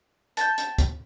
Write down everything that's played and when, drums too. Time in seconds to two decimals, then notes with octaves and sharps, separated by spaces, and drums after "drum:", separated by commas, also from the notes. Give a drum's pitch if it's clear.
0.37 G5 A5, drum: hi-hat
0.58 drum: hi-hat
0.78 drum: kick, hi-hat